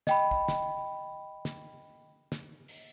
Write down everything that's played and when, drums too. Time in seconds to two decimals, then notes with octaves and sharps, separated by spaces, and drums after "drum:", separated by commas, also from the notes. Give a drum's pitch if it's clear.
0.07 D#5 G5 B5, drum: snare
0.31 drum: kick
0.48 drum: snare
1.45 drum: snare
2.32 drum: snare
2.68 drum: open hi-hat